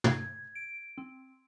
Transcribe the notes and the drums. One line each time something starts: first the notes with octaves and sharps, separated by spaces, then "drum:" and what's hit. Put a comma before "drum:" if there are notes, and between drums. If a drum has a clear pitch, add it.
G#6, drum: tom
D7
C4